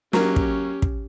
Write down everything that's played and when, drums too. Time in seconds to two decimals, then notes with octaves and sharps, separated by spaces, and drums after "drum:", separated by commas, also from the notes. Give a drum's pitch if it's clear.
0.13 F#3 A#3 C#4 G4, drum: snare
0.36 drum: kick
0.82 drum: kick